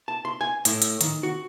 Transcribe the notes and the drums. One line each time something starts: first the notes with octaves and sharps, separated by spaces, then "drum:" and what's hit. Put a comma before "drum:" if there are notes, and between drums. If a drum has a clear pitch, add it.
A5
C6
G#5
A2, drum: hi-hat
drum: hi-hat
D#3, drum: hi-hat
F#4